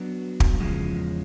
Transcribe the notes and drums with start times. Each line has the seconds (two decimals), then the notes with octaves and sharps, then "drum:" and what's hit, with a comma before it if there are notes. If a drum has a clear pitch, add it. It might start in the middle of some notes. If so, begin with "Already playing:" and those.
Already playing: F#3 B3 D4 F#4
0.40 drum: kick
0.60 E2 C#3 F3 G#3